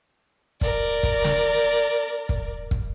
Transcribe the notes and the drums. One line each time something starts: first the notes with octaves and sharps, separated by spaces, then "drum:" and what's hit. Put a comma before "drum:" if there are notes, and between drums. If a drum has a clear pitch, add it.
A#4 D5, drum: kick
drum: kick
drum: snare
drum: kick
drum: kick